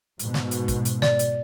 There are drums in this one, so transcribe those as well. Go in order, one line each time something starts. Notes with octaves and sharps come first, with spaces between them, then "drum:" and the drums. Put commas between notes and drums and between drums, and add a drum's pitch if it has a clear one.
G#2 B2, drum: hi-hat
drum: snare
drum: hi-hat
drum: kick, hi-hat
drum: hi-hat
D5, drum: snare
drum: hi-hat